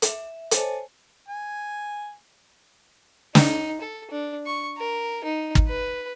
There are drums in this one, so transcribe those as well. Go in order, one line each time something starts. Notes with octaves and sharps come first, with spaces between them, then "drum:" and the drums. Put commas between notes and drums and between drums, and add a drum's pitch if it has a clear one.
E5, drum: hi-hat
A4 C5 C#5 D#5 G#5 A5, drum: hi-hat
G#5
D#4, drum: snare
A4
D4
C#6
A#4
D#4
drum: kick
B4